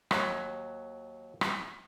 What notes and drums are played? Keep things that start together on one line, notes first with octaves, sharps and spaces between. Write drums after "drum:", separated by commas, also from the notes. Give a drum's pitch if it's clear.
D#2 F#3, drum: rim click
drum: rim click